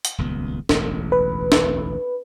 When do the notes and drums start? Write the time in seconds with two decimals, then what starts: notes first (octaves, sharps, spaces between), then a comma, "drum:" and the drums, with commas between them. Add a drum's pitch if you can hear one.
0.05 drum: hi-hat
0.18 D#1 C#2 B3
0.69 E1 A1 D2, drum: snare
1.12 B4
1.52 drum: snare